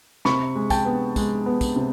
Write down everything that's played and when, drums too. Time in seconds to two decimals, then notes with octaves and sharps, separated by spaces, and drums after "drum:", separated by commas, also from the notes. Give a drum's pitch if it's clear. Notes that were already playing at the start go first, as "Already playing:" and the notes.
0.25 C3 B5 C#6, drum: snare
0.56 G#3
0.70 G5 A5, drum: kick, tambourine
0.85 B3
1.16 G#3, drum: kick, tambourine
1.46 B3
1.61 drum: kick, tambourine
1.76 C3